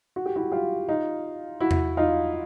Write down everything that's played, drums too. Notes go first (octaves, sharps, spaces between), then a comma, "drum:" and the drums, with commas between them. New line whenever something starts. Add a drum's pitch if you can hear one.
F#4
G4
E4 F#4
F4 G4
D#4 F4
E4 F#4
drum: tom E2
D#4 F4